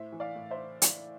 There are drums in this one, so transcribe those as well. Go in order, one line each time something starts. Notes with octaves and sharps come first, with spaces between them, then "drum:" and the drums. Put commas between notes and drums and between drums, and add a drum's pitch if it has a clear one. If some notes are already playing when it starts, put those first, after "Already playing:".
Already playing: A2 C5 E5
E3
D5 F5
A2
C5 E5
drum: hi-hat